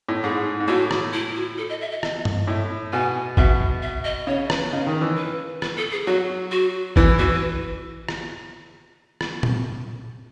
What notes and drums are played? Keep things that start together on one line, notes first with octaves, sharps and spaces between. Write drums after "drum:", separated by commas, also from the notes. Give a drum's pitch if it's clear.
A2
G#2 G#4
G#2
A2 F#4
drum: rim click
E4
F#4
A4
D#5
E5
D#5
D#5, drum: rim click
drum: tom G2
A2 E5
B2 G#5
B2 E5, drum: kick A1
E5
D#5
C#3 C#5
B4, drum: rim click
C#3 D#5
D#3
E3
B4
B4, drum: rim click
A4
G#4
F#3 F#4
F#4
E3 E4, drum: kick A1
E3 F#4
B4
drum: rim click
drum: rim click
drum: tom A#2